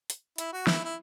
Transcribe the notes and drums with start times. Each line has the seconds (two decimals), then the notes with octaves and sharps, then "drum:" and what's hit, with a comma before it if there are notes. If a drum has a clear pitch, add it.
0.10 drum: hi-hat
0.38 E4, drum: hi-hat
0.53 F#4
0.67 E4, drum: snare
0.84 E4